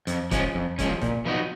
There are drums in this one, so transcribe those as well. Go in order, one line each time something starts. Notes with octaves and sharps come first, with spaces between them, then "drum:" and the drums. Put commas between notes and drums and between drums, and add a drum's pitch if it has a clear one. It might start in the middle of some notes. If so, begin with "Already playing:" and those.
F2, drum: hi-hat
F3 G#3 C#4, drum: kick, hi-hat
F2
F3 G#3 C#4, drum: kick, hi-hat
A#2, drum: snare
F3 B3 D#4 F#4